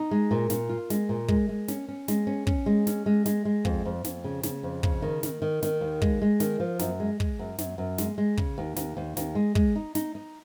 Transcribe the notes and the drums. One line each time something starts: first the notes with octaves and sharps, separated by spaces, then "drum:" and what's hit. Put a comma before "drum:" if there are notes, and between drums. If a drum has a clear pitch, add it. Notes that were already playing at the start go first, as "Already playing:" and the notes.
Already playing: D#4
G#3
A#2
A#2, drum: snare
F4
G#3, drum: snare
A#2
G#3, drum: kick
G#3
C#4, drum: snare
C#4
G#3, drum: snare
C#4
C#4, drum: kick
G#3
C#4, drum: snare
G#3
G#3, drum: snare
G#3
F2, drum: kick
F2
F2, drum: snare
C#3
C#3, drum: snare
F2
C#3, drum: kick
D#3
D#3, drum: snare
D#3
D#3, drum: snare
D#2
G#3, drum: kick
G#3
D#3, drum: snare
F3
F#2, drum: snare
G#3
G#3, drum: kick
F#2
F#2, drum: snare
F#2
G#3, drum: snare
G#3
C#3, drum: kick
D#2
D#2, drum: snare
D#2
D#2, drum: snare
G#3
G#3, drum: kick
D#4
D#4, drum: snare
D#4